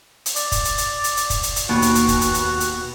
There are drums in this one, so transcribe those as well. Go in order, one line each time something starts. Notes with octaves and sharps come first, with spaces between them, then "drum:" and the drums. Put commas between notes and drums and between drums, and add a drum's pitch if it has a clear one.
drum: hi-hat
D5, drum: hi-hat
drum: kick, hi-hat
drum: hi-hat
drum: hi-hat
drum: hi-hat
drum: hi-hat
drum: kick, hi-hat
drum: hi-hat
drum: hi-hat
D#2 B2 F#4
drum: hi-hat
drum: hi-hat
drum: kick, hi-hat
drum: hi-hat
drum: hi-hat
drum: hi-hat